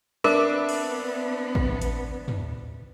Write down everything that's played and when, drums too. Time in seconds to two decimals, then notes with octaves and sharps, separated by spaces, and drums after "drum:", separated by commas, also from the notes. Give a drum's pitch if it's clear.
0.24 B3 C4 D4 A#4 E5 D6
0.69 drum: cymbal
1.55 drum: kick
1.81 drum: hi-hat
2.28 drum: tom